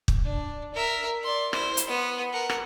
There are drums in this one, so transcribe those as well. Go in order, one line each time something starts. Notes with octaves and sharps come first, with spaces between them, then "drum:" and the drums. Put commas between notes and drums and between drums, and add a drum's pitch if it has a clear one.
drum: kick
D4
A#4 E5
D5 C6
E4 C5, drum: rim click
drum: hi-hat
B3 D#6
A#4 F#5
drum: rim click